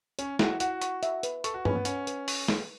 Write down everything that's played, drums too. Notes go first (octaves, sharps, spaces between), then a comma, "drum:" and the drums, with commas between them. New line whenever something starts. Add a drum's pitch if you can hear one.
C#4 C#5, drum: hi-hat
E4 F#4, drum: snare
F#4 F#5, drum: hi-hat
C#6, drum: hi-hat
E5, drum: hi-hat
B4, drum: hi-hat
A4 C#6, drum: hi-hat
F#4
C#4 B4, drum: tom G2
B3
C#4 F#5, drum: hi-hat
B4, drum: hi-hat
C#6, drum: open hi-hat
B4, drum: snare